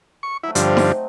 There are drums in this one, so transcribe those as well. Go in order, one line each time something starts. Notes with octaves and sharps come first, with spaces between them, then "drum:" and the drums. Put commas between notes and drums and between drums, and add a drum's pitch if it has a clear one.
C#6
F#3 A3 E4
G2 D3 F3 F#3 C4 D#4, drum: hi-hat
drum: snare D#4